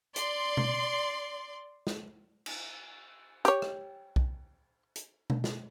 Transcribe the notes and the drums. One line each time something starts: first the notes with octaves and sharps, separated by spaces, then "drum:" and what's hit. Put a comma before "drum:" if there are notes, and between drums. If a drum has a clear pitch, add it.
D5 C6, drum: hi-hat
drum: tom B2
drum: snare
drum: cymbal
G4 C#5, drum: hi-hat
drum: rim click
drum: kick B1
drum: hi-hat
drum: tom B2
drum: snare